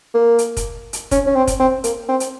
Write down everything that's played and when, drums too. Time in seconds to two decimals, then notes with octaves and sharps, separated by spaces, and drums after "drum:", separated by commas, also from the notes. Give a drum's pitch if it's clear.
0.14 A#3
0.38 drum: hi-hat
0.57 drum: kick, hi-hat
0.93 drum: hi-hat
1.11 C#4, drum: kick, hi-hat
1.27 C#4
1.36 C4
1.47 drum: kick, hi-hat
1.59 C4
1.84 A#3, drum: hi-hat
2.09 C4
2.20 drum: hi-hat